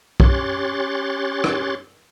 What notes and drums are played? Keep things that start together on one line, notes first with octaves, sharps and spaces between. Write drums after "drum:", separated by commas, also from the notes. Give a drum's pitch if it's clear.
C#4 G4 C#5 C6 F#6 A6, drum: kick
drum: rim click